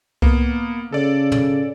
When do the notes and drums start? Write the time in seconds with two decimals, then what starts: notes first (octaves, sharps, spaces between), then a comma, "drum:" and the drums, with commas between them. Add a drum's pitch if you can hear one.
0.22 A#3 B3, drum: kick C2
0.93 C#3 A4 D5
1.31 drum: tom